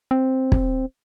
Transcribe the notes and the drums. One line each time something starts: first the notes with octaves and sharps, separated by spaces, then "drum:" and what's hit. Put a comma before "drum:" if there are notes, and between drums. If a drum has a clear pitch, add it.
C4
drum: kick